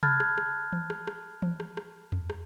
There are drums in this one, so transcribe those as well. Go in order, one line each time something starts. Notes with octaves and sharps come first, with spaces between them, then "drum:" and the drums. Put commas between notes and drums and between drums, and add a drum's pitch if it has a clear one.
A5 B5 F6 F#6 G#6 A6, drum: tom C3
drum: rim click
drum: rim click
drum: tom E3
drum: rim click
drum: rim click
drum: tom E3
drum: rim click
drum: rim click
drum: tom E2
drum: rim click